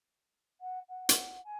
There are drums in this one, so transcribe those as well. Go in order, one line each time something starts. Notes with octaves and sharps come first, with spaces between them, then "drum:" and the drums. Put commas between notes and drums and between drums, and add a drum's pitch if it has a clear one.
F#5
F#5
drum: hi-hat
G#5